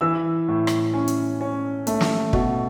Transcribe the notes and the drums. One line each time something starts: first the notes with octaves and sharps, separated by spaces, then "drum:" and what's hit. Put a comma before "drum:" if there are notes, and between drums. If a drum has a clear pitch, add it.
E3 E6
A2
drum: rim click
C#4
drum: hi-hat
C#4
A3, drum: hi-hat
drum: snare
B2, drum: kick